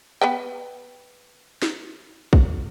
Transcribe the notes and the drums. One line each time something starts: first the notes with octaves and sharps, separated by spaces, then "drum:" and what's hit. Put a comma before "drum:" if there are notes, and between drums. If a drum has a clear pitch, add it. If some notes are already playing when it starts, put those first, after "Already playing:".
B3 B4 G5
drum: snare
drum: kick